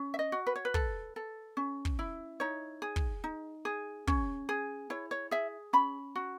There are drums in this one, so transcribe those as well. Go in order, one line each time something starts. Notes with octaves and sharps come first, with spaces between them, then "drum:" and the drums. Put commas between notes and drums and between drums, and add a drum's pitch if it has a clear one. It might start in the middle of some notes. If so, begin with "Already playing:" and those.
Already playing: C#4
E5
D#5
F#4
B4
C#5
B4
A4, drum: kick
A4
C#4
drum: kick
E4
D#4 C#5
G#4
drum: kick
D#4
G#4
C#4 C#5, drum: kick
G#4
E4 C#5
C#5
G#4 E5
C#4 B5
F#4